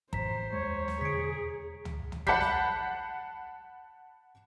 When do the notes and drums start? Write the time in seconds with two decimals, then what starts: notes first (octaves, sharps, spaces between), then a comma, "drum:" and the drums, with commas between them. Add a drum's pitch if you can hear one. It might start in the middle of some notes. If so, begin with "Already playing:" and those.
0.13 F2 A2 E3 C5 A#5 B6, drum: kick
0.53 D#2 G#3 C#5
0.88 drum: snare
1.01 E2 B2 D3 G#4 B6 D7
1.85 drum: tom
2.12 drum: tom
2.27 F#5 A5 B5 G6 B6 C7, drum: kick
2.41 drum: snare